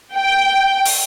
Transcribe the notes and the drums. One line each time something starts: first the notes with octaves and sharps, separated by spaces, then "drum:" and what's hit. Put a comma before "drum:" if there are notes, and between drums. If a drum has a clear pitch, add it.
G5
drum: open hi-hat